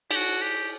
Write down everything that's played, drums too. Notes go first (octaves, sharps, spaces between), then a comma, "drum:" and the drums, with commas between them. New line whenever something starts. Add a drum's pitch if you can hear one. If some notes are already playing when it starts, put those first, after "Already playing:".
G4, drum: cymbal
F#4
G4